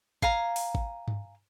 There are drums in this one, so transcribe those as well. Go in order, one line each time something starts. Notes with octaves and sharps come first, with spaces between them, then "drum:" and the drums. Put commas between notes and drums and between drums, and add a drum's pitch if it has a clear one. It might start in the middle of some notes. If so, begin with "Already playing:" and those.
F5 G#5 A#5, drum: kick G#1
drum: open hi-hat
drum: kick G#1
drum: tom G2